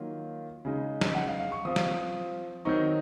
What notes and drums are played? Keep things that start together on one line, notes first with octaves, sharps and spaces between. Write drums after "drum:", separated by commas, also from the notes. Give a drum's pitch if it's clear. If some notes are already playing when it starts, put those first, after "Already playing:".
Already playing: D#3 F#3 A#3 F4
C#3 G#3 D#4
drum: snare
F#5
F5
F5
C#6
F3 C4 F4 D#6
drum: snare
D#3 F#3 C4 D#4 C#6